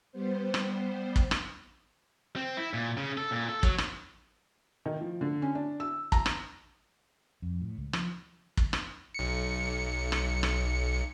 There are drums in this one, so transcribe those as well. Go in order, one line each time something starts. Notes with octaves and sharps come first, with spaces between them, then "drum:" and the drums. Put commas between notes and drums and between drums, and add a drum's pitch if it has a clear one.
G3 B3 C5
drum: rim click
drum: kick
drum: rim click
C4
E4
A#2
C#3
A4
A#2
A4
F#3, drum: kick
drum: rim click
D#3
F3
D3
C#4
D4
E6
A#5, drum: kick
drum: rim click
F2
A2
C#2
F3, drum: rim click
drum: kick
drum: rim click
B1 C#7
drum: rim click
drum: rim click